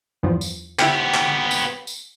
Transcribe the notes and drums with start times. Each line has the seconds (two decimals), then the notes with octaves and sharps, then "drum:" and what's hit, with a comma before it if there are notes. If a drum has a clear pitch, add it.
0.23 E2 G2 F3
0.41 drum: tambourine
0.79 B3 E4 G4 G5, drum: clap
1.14 drum: clap
1.51 drum: tambourine
1.87 drum: tambourine